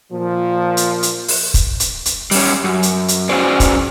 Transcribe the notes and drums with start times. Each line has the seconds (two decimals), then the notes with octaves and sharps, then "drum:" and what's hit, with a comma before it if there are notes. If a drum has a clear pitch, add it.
0.12 A#2 F3
0.77 drum: hi-hat
1.03 drum: hi-hat
1.28 drum: open hi-hat
1.54 drum: kick, hi-hat
1.80 drum: hi-hat
2.06 drum: hi-hat
2.31 G3 C#4, drum: open hi-hat
2.64 F#2
2.83 drum: hi-hat
3.08 drum: hi-hat
3.29 C#4 F#4 G#4 C5 D5
3.60 drum: kick, hi-hat